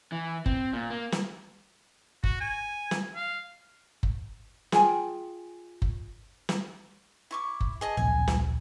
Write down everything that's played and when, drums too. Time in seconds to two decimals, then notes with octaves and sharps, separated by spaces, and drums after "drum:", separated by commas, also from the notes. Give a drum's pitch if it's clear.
0.12 E3
0.46 C4, drum: kick F#1
0.74 A#2
0.90 A#3
1.12 drum: snare
2.24 F#4, drum: kick F#1
2.41 G#5
2.91 drum: snare
3.16 F5
4.03 drum: kick F#1
4.72 F4 G#4 G5 G#5, drum: snare
5.82 drum: kick F#1
6.49 drum: snare
7.31 E4 C#6 D6
7.60 drum: kick F#1
7.81 G#4 D#5 A5
7.97 D1 A#1 G#5
8.28 drum: snare